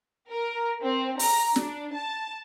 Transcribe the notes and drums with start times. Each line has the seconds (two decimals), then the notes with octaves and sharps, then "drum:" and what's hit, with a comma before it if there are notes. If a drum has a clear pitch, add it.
0.30 A#4
0.82 C4
1.19 A#5, drum: open hi-hat
1.56 D4, drum: snare
1.93 A5